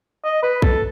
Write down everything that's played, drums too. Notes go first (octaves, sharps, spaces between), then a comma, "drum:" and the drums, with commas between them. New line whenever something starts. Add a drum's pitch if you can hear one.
D#5
B4
A4, drum: kick